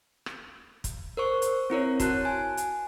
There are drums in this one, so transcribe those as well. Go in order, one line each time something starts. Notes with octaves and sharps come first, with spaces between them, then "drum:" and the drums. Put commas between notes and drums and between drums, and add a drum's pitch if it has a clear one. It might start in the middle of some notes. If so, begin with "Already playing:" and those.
drum: rim click
drum: kick, hi-hat
A#4 C5 C#6
drum: hi-hat
C4 E4 A#4 C#5
F#4 A5 F#6, drum: kick, hi-hat
G#5
drum: hi-hat